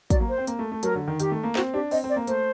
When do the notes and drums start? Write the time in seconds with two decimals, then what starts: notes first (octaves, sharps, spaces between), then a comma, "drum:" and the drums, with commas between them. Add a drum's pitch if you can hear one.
0.10 F#3 D5, drum: kick, hi-hat
0.20 A#3
0.29 C5
0.38 C4
0.47 A#3, drum: hi-hat
0.59 A3
0.72 A3
0.83 F#3 A#4, drum: hi-hat
0.95 D3
1.08 D#3
1.20 D#3 G4, drum: hi-hat
1.31 A3
1.43 A#3
1.55 C4 F#4, drum: snare
1.74 D4 G4
1.91 C4 D#5, drum: open hi-hat
2.04 C4
2.10 D5
2.16 A#3
2.27 A3 C5, drum: hi-hat